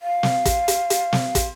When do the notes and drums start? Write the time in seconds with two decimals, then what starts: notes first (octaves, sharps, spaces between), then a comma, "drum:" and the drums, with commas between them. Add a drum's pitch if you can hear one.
0.01 F5
0.23 drum: snare
0.45 drum: kick, hi-hat
0.68 drum: hi-hat
0.90 drum: hi-hat
1.13 drum: snare
1.35 drum: kick, hi-hat